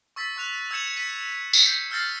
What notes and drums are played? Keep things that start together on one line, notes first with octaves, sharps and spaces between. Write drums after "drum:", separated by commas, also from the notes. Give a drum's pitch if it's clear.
C#6 E6 A6 B6
C#6 F#6 F7
E6 G#6 C#7 E7
B6 D#7
drum: tambourine
G6 C7 C#7
E6 F6 G6 A6 A#6 C7